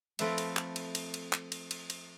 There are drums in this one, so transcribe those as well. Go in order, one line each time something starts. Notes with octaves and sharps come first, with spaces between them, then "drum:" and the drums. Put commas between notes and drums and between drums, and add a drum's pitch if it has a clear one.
F3 A3 C4 B4 E5 C6, drum: cymbal
drum: cymbal
drum: clap
drum: cymbal
drum: cymbal
drum: cymbal
drum: clap
drum: cymbal
drum: cymbal
drum: cymbal